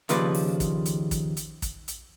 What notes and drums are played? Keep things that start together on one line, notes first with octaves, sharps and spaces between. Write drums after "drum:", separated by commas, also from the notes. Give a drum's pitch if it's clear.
D#2 C#3 F3 B4 D5, drum: hi-hat
drum: open hi-hat
drum: kick, hi-hat
drum: hi-hat
drum: kick, hi-hat
drum: hi-hat
drum: kick, hi-hat
drum: hi-hat